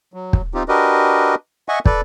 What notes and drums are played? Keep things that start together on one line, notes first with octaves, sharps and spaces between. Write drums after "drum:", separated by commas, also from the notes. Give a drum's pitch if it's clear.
F#3
drum: kick
C4 D#4 F4 G4
D4 F#4 G4 A#4 B4 D#5
D#5 E5 F#5 G#5 C#6
A4 B4 D5, drum: kick